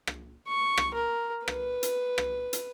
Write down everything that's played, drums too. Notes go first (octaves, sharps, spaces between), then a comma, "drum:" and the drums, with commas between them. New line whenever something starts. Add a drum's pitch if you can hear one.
drum: rim click
C#6
drum: rim click
A#4
B4, drum: rim click
drum: hi-hat
drum: rim click
drum: hi-hat